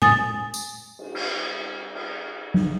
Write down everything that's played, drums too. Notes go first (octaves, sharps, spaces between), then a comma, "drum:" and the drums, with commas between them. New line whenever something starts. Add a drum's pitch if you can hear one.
G#5 D#6 A6, drum: tom A#2
drum: tambourine
drum: cymbal
drum: cymbal
drum: cymbal
drum: tom F#3